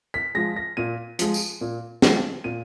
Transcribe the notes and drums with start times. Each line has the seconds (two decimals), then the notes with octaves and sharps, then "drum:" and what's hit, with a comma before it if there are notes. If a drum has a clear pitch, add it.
0.14 B6
0.35 F3 G#3 A#6
0.56 A#6
0.77 A#2 D#7
1.19 F3 G#3, drum: hi-hat
1.34 drum: tambourine
1.61 A#2
2.02 F3 G#3, drum: snare
2.44 A#2 D#7